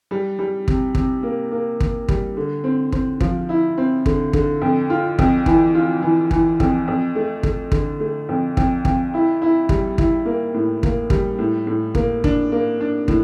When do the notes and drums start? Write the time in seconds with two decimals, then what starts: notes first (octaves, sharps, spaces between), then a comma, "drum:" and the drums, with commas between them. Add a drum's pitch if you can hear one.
0.11 G3
0.39 G3
0.68 C3, drum: kick
0.95 C3, drum: kick
1.23 A#3
1.52 A#3
1.80 A#3, drum: kick
2.09 G3, drum: kick
2.37 D3
2.64 C4
2.92 C4, drum: kick
3.20 F3, drum: kick
3.49 E4
3.78 C4
4.06 D3, drum: kick
4.33 D3, drum: kick
4.62 F2
4.90 F4
5.19 F2, drum: kick
5.46 E3, drum: kick
5.75 F4
6.02 E3
6.31 E3, drum: kick
6.60 F2, drum: kick
6.88 F2
7.15 A3
7.43 A3, drum: kick
7.72 D3, drum: kick
8.00 A3
8.29 F2
8.57 F2, drum: kick
8.85 F2, drum: kick
9.14 E4
9.42 E4
9.69 G3, drum: kick
9.98 E4, drum: kick
10.25 A#3
10.54 A2
10.83 A#3, drum: kick
11.10 G3, drum: kick
11.39 A2
11.67 A2
11.95 A#3, drum: kick
12.24 D4, drum: kick
12.52 A#3
12.80 D4
13.08 A2, drum: kick